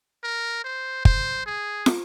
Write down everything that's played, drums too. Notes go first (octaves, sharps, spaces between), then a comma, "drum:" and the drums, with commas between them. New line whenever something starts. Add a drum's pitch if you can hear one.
A#4
C5
C5, drum: kick
G#4
drum: snare